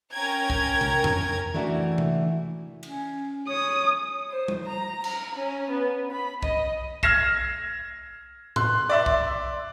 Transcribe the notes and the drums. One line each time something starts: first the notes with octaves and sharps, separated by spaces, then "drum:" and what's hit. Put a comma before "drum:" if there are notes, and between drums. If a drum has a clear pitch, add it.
C#4 A#4 G5 A#5 G#6
drum: kick
drum: tom C3
drum: tom
E3 A3 D4 F#4
drum: tom C3
C#4, drum: cymbal
C#5 D#6
C5
drum: tom
A#5
A#5, drum: cymbal
C#4
B3
B5
D#5, drum: kick
F6 G#6 A#6 C7 E7, drum: kick
C6 F#6, drum: tom
D5 E5 C6
drum: kick